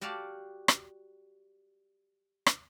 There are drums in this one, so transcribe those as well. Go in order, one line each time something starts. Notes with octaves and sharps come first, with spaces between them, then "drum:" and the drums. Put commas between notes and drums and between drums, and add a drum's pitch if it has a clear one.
F#4 G4 D5 F5 A5
drum: rim click
drum: rim click